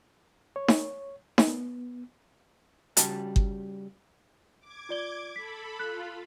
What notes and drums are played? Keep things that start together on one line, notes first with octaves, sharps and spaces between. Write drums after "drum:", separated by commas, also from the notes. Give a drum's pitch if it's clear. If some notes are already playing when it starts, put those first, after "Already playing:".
C#5
drum: snare D#4
drum: snare D#4
B3
C#3 G3 F#4 G5 A5, drum: hi-hat
drum: kick G1
D6 G#6
F4 D5 G7
A4 B5 B6
F4 F#6